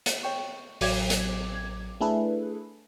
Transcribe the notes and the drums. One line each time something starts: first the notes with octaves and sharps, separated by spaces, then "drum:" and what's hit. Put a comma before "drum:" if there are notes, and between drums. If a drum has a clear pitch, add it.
drum: hi-hat
C#5 G5 C#6
A1 F#3 D6 G#6, drum: open hi-hat
drum: hi-hat
A3 D4 E4 G#4 A4 B4